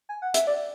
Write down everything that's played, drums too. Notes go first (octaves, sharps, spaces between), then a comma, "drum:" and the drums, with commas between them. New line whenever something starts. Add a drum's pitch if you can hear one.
G#5
F#5
E5, drum: hi-hat
D5